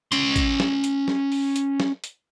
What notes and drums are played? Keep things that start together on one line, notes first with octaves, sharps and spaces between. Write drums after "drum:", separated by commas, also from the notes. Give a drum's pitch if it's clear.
C#4 C6, drum: hi-hat
drum: kick, hi-hat
drum: snare
drum: hi-hat
drum: snare
drum: open hi-hat
drum: hi-hat
drum: snare
drum: hi-hat